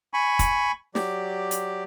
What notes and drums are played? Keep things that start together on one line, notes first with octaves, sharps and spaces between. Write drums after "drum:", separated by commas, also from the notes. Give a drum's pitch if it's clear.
G#5 B5 C#6
drum: kick, hi-hat
F#3 G4 D5, drum: snare
drum: hi-hat